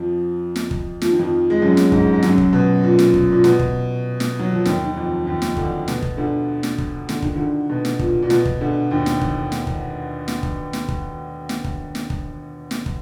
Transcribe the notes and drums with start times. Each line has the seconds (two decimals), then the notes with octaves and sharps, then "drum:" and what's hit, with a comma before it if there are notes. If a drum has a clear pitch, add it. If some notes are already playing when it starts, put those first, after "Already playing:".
Already playing: F2 F3
0.56 drum: snare
0.71 drum: kick
1.02 F3, drum: snare
1.11 D#3
1.19 F2 F3
1.50 G#3
1.62 F#2 F#3
1.77 drum: snare
1.92 G#2 G#3, drum: kick
2.13 G#3
2.23 F#2 F#3, drum: snare
2.38 drum: kick
2.53 B2
2.83 A#2
2.99 drum: snare
3.14 drum: kick
3.32 A#2
3.44 B2, drum: snare
3.59 drum: kick
4.20 drum: snare
4.39 F#3
4.53 F3
4.65 D#2 D#3, drum: snare
4.84 D#3
4.96 F2 F3
5.26 D#2 D#3
5.42 drum: snare
5.57 D2 D3, drum: kick
5.88 B2, drum: snare
6.02 drum: kick
6.17 D2 D3
6.63 drum: snare
6.78 drum: kick
7.09 D3, drum: snare
7.22 D#3, drum: kick
7.36 D2 D3
7.70 B2
7.85 drum: snare
7.99 A#2, drum: kick
8.22 A#2
8.30 B2, drum: snare
8.45 drum: kick
8.61 D2 D3
8.91 D#2 D#3
9.06 drum: snare
9.21 drum: kick
9.52 drum: snare
9.67 drum: kick
10.28 drum: snare
10.43 drum: kick
10.73 drum: snare
10.88 drum: kick
11.49 drum: snare
11.64 drum: kick
11.95 drum: snare
12.10 drum: kick
12.71 drum: snare
12.86 drum: kick